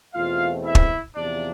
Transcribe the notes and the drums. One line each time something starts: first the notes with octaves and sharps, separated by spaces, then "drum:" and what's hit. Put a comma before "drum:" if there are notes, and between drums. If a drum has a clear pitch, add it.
E2 B2 A3 C4 F4 F5
E4 E5
drum: kick
E2 C3 F3 D4 D5